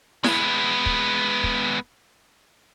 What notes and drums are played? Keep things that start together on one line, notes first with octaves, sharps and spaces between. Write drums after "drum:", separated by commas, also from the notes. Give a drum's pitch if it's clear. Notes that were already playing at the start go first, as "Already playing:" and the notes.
G#3 B3, drum: snare E4
drum: kick
drum: kick